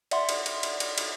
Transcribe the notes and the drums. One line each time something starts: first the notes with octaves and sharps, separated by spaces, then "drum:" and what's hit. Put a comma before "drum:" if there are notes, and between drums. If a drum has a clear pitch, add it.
D5 E5 F#5 C6, drum: cymbal
drum: cymbal
drum: cymbal
drum: cymbal
drum: cymbal
drum: cymbal